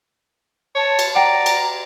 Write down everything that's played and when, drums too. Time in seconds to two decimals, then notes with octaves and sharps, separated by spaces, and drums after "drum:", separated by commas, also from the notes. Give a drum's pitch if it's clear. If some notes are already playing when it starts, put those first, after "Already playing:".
0.75 C#5 A5
0.99 drum: cymbal
1.15 D5 F#5 G5 A#5
1.46 drum: cymbal